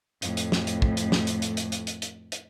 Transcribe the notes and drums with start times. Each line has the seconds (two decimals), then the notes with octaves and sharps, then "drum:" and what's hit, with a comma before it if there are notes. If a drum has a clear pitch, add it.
0.22 F2 A2, drum: hi-hat
0.37 drum: hi-hat
0.52 drum: snare
0.67 drum: hi-hat
0.82 drum: kick
0.97 drum: hi-hat
1.12 drum: snare
1.27 drum: hi-hat
1.42 drum: hi-hat
1.57 drum: hi-hat
1.72 drum: hi-hat
1.87 drum: hi-hat
2.02 drum: hi-hat
2.32 drum: hi-hat